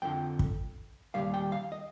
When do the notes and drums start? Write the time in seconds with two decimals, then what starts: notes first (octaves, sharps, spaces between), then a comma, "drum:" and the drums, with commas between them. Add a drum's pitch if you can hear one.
0.02 F2 D3 F3 G5
0.39 drum: kick
1.14 D#2 D#3 G3 F5
1.34 G5
1.52 F5
1.72 D#5